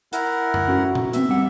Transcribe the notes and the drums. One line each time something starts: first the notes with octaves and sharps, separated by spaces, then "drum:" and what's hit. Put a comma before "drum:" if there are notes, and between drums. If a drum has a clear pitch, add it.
E4 A#4 F#5, drum: hi-hat
drum: tom F#2
C#4 F#4 A4
drum: tom A#2
B3 C4 E5, drum: hi-hat
G3 C4 F#5